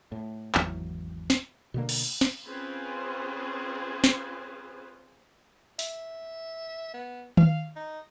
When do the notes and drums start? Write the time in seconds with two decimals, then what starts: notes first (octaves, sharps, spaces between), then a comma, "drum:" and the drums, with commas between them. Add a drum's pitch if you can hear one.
0.12 A2
0.55 G#1 E2 E3 F#3, drum: clap
1.30 drum: snare
1.74 B2 D3 A#3
1.89 drum: cymbal
2.21 drum: snare
2.45 C4 C#4 F4 G#4 B4 C5
4.04 drum: snare
5.79 E5, drum: open hi-hat
6.94 B3
7.37 F5, drum: tom D#3
7.76 D#4